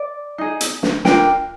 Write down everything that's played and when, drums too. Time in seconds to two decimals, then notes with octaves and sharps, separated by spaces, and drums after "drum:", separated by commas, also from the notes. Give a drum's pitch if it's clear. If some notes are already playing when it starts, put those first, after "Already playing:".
Already playing: D5
0.38 D#4 G#4
0.61 drum: hi-hat
0.83 drum: snare
1.05 D4 F4 A#4 G5, drum: snare